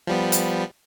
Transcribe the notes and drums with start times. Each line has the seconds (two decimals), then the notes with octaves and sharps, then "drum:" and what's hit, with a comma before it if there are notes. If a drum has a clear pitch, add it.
0.07 F3 G3 B3
0.32 drum: hi-hat